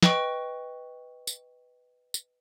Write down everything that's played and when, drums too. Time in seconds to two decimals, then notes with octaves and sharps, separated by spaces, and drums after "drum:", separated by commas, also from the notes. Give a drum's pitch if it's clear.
0.03 B4 D#5 G5 C#6 D7, drum: snare
1.27 drum: tambourine
2.14 drum: tambourine